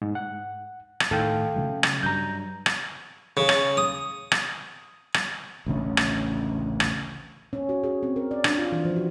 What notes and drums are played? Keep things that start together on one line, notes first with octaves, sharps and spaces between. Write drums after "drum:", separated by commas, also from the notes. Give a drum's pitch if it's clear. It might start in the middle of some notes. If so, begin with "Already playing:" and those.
G#2
F#5
drum: rim click
A2 D#3 A4 F5 G5
C#3 F#3 A3
drum: rim click
G2 F#3 A#5 G6
drum: rim click
C#3
drum: rim click
D#6
drum: rim click
drum: rim click
A1 D2 C#3 C#4
drum: rim click
drum: rim click
C#4
F#4
G#4
C4
A#4
D5
D4, drum: rim click
F4
E3
F3
F#4